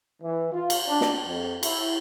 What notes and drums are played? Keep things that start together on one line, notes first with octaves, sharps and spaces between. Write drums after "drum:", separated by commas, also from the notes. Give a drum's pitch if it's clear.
E3
F4
drum: cymbal
D4
drum: snare
F2
E4, drum: cymbal